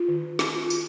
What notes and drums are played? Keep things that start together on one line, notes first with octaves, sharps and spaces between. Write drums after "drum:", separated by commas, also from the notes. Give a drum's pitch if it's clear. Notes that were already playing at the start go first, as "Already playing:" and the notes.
Already playing: F4
D#3
C#4 F#4, drum: snare
F4
C#4 F#4, drum: tambourine